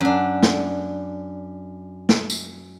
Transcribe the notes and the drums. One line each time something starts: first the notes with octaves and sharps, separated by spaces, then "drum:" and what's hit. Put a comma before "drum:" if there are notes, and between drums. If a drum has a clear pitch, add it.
F#2 D4
drum: snare
drum: snare
drum: tambourine